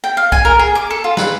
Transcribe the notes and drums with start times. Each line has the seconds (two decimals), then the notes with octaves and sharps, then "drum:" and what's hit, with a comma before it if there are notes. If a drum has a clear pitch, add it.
0.04 G5
0.17 F5
0.32 G#5, drum: kick
0.45 A#4
0.59 G#4
0.75 D6
0.90 A4
1.04 F4
1.17 B4, drum: snare